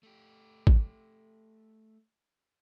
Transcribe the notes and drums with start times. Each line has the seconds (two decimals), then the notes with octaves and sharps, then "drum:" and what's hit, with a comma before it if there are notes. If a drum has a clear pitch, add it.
0.03 A3 G4
0.67 drum: kick